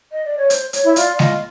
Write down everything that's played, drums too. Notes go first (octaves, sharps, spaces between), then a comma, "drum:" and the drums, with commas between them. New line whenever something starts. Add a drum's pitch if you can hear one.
D#5
D5
C#5
C5, drum: hi-hat
C#5, drum: hi-hat
E4
F4 D5, drum: hi-hat
D5
F4 D#5, drum: snare G#3